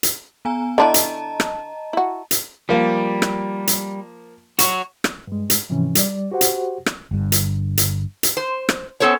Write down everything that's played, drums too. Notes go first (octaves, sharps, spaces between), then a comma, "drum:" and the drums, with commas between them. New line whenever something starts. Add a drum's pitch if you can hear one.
drum: hi-hat
B3 G#5 A#5
D3 D4 E4 D#5 A5 A#5
drum: hi-hat
drum: rim click
E4 F#4
drum: hi-hat
F3 G3 A#3
drum: rim click
drum: hi-hat
F#4 C#5, drum: hi-hat
drum: rim click
G2 G#3
drum: hi-hat
G#2 C3 E3 F3 C#4
G3 D5, drum: hi-hat
F#4 G4 C5 F#5
drum: hi-hat
drum: rim click
G1 G2
drum: hi-hat
drum: hi-hat
drum: hi-hat
C5
drum: rim click
B3 C#4 A4 C5 C#5